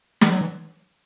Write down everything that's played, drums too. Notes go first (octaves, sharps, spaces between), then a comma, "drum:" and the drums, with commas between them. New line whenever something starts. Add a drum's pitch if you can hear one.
E3, drum: snare
F#3
E3